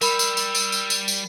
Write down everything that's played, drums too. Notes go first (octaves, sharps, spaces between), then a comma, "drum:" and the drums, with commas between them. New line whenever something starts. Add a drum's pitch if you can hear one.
G3 A#4 B5 E6, drum: tambourine
drum: tambourine
drum: tambourine
drum: tambourine
drum: tambourine
drum: tambourine
drum: tambourine